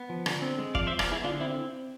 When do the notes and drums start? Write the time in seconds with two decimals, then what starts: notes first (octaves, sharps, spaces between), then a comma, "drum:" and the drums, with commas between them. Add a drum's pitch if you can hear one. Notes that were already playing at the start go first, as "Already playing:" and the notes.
Already playing: B3
0.09 F3
0.26 D3, drum: rim click
0.42 C4
0.59 G#3
0.75 F3 D5 F5, drum: kick
0.87 C5 E5
0.91 F3
0.99 D5 F5, drum: rim click
1.07 B3 E4 G#4
1.24 D3 D4 F4
1.40 C4 E4